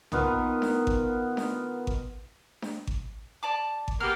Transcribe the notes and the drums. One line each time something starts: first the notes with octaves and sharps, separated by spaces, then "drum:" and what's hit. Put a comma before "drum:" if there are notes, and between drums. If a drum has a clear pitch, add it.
D#3 B3 F4, drum: tom B1
drum: snare D4
drum: kick G#1
drum: snare D4
drum: kick G#1
drum: snare D4
drum: kick G#1
D5 A5 D6
drum: kick G#1
A#3 B3 G4 F6